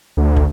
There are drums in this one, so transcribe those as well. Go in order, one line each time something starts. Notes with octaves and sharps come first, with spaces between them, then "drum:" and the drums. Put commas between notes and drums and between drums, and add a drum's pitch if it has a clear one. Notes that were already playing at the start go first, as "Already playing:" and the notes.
D2
drum: kick